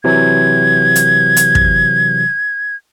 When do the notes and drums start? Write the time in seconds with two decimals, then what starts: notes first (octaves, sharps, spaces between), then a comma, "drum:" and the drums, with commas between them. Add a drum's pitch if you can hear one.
0.04 C3 E3 F#3 G#6
0.96 drum: hi-hat
1.37 drum: hi-hat
1.55 drum: kick